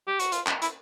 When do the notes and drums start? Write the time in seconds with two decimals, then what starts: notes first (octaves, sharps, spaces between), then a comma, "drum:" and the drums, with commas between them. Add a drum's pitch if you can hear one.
0.07 G4
0.20 F#4, drum: hi-hat
0.32 F4, drum: hi-hat
0.47 drum: clap
0.62 E4, drum: hi-hat